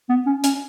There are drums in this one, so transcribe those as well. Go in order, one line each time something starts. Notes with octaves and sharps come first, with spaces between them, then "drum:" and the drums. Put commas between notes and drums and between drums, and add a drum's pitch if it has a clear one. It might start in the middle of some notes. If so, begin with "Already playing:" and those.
B3
C#4
C#4, drum: hi-hat